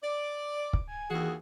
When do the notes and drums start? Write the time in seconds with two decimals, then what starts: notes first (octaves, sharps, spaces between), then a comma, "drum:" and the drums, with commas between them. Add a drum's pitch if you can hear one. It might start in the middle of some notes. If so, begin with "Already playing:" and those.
0.03 D5 D6
0.73 drum: kick
0.88 G#5
1.11 D#2 E3 F#4 G#4